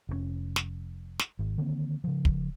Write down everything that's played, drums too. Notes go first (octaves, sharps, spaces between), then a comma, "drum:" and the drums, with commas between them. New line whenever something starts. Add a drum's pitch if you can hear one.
F1 C3 C#4
drum: snare
drum: snare
G#1
D3 D#3 A#3 C4
C#3 F3
drum: kick